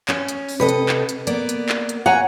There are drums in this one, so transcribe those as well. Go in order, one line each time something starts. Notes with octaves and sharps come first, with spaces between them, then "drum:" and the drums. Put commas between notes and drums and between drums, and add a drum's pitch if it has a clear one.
C#4, drum: clap
drum: hi-hat
drum: open hi-hat
C3 A4 B4 D#5
drum: hi-hat
drum: clap
drum: hi-hat
A#3 B3 D5, drum: hi-hat
drum: hi-hat
drum: clap
drum: hi-hat
C#5 F#5 G#5 A#5